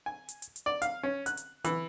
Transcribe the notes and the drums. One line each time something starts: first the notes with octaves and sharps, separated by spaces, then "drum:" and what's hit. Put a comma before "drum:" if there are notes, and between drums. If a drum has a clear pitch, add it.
G#5
drum: hi-hat
drum: hi-hat
drum: hi-hat
D5
F5, drum: hi-hat
C#4
F#6, drum: hi-hat
drum: hi-hat
E3, drum: hi-hat